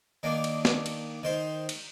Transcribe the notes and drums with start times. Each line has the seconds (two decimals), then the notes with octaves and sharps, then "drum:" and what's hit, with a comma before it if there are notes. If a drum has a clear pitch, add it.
0.23 D#3 A#3 D4
0.44 drum: cymbal
0.65 drum: snare
0.86 drum: cymbal
1.23 D#3 C5
1.69 drum: cymbal